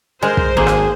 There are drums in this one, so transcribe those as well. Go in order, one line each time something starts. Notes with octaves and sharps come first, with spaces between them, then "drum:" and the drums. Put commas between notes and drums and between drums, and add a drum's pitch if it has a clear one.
G#3 A#4 C5
drum: kick
G#1 A#3 G#4
drum: rim click